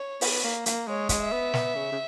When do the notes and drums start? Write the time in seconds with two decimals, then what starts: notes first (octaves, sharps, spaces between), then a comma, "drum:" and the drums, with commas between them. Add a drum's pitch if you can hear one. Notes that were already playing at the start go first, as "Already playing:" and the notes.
Already playing: C#5
0.21 B3, drum: open hi-hat
0.44 A#3
0.66 A#3, drum: hi-hat
0.87 G#3 C#5
1.09 G#3, drum: kick, hi-hat
1.21 E5
1.32 B3
1.54 B3, drum: snare
1.75 C#3
1.92 C#3